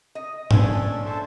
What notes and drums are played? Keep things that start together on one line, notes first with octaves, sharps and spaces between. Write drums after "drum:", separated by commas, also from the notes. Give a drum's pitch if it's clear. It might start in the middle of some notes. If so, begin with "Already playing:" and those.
D#5
C#4 D4 A4 G#5 C6, drum: tom
A4 C5 E5 A5